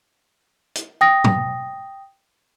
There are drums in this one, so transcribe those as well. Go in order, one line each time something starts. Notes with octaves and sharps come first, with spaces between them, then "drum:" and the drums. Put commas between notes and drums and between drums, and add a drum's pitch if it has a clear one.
drum: hi-hat
G5 D#6 A#6
drum: tom G#2